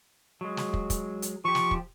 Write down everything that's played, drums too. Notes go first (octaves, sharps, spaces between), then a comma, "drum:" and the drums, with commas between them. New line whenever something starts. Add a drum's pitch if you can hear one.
F#3 G#3
drum: snare
drum: kick
drum: kick, hi-hat
drum: hi-hat
F3 G4 C#6
drum: snare
drum: kick